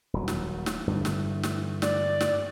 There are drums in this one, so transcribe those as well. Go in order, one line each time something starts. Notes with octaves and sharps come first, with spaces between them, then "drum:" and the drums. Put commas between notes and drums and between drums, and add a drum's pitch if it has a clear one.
D#1 F#3
drum: snare
drum: snare
G2 D3 E3
drum: snare
drum: snare
D5, drum: snare
drum: snare